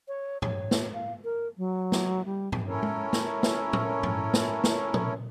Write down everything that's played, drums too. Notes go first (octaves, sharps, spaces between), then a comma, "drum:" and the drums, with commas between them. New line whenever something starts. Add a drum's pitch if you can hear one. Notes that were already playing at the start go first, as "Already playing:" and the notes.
C#5
C#5, drum: tom G2
drum: snare
F5
A#4
F#3
drum: snare
G3
drum: tom G2
C#4 E4 A4 A#4 C#5
drum: tom G#3
drum: snare
drum: snare
drum: tom A2
drum: tom G2
drum: snare
drum: snare
drum: tom A#2